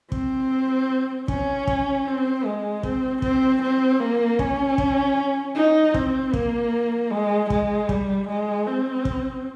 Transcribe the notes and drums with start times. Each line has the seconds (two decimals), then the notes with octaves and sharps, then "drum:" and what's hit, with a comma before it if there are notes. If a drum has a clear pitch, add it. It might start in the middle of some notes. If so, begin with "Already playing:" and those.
0.12 C4, drum: kick
1.28 C#4, drum: kick
1.67 drum: kick
2.07 C4
2.45 G#3
2.83 C4, drum: kick
3.22 C4, drum: kick
3.62 C4
4.00 A#3
4.39 C#4, drum: kick
4.78 drum: kick
5.56 D#4
5.94 C4, drum: kick
6.33 A#3, drum: kick
7.11 G#3
7.50 G#3, drum: kick
7.89 G3, drum: kick
8.28 G#3
8.67 C4
9.05 drum: kick